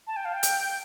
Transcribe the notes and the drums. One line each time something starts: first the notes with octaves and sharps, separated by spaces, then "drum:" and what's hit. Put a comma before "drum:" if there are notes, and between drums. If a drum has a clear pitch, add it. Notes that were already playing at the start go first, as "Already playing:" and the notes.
A5
G5
F5
G5
drum: hi-hat